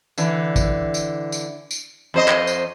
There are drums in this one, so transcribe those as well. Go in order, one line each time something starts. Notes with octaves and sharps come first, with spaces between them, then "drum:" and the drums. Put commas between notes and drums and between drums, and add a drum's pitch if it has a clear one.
D3 E3, drum: tambourine
drum: kick, tambourine
drum: tambourine
drum: tambourine
drum: tambourine
F2 C5 D#5
drum: clap
drum: tambourine